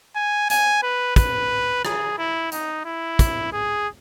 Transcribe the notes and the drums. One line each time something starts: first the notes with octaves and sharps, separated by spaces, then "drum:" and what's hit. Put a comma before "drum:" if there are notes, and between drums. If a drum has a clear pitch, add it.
G#5
G#5, drum: hi-hat
B4
B4, drum: kick, hi-hat
G#4, drum: rim click
E4
D#4, drum: hi-hat
E4
drum: kick, hi-hat
G#4